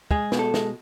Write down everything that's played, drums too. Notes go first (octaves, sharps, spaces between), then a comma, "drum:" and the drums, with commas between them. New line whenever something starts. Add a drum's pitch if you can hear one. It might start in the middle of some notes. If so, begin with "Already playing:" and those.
G#3 G#4, drum: kick
B2, drum: snare
A4
G#3, drum: snare